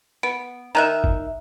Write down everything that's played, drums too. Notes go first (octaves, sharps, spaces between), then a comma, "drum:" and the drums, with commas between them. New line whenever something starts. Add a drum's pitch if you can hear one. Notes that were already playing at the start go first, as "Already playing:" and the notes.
B3 D7
D#3 D#4 E5 A#5 F#6
drum: kick